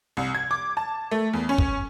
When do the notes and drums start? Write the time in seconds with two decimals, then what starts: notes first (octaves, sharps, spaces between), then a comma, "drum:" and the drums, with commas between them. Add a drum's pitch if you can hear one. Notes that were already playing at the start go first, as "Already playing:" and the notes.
0.17 C2
0.35 G#6
0.51 D6
0.77 A5
1.11 A3
1.33 E2
1.49 C#4
1.58 drum: kick